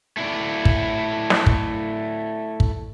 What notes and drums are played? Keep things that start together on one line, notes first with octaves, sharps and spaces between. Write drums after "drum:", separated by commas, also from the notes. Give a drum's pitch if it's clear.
A3 E4 D5
drum: kick
drum: snare
drum: kick
drum: kick